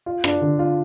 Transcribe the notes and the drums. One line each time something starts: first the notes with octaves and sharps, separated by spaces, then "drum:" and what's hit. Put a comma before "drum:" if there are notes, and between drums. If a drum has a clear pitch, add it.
F4
D4, drum: rim click
D3
F4